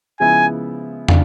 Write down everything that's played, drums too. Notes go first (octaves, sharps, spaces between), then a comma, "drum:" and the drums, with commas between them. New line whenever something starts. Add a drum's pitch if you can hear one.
C#3 F3 G#3 B3 E4 G#5
D4 F4, drum: tom